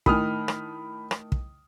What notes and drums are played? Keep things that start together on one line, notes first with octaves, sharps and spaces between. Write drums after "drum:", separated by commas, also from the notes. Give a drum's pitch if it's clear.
A2 D#3 B5 D#6 F6, drum: kick
drum: rim click
drum: rim click
drum: kick